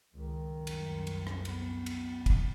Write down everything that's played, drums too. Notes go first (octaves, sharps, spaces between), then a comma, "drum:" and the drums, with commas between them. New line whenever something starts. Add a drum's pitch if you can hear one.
C#2 D#3
C2 F#2 A2
drum: cymbal
drum: cymbal
drum: rim click
B3, drum: cymbal
drum: cymbal
drum: kick, cymbal